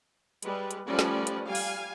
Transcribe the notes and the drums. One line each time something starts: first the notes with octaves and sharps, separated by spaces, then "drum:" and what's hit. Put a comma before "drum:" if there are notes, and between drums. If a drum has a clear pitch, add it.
G3 G#3 B4, drum: hi-hat
drum: hi-hat
F3 G3 A3 C#4 B4 D5
drum: snare
drum: hi-hat
G3 F5 G#5
drum: open hi-hat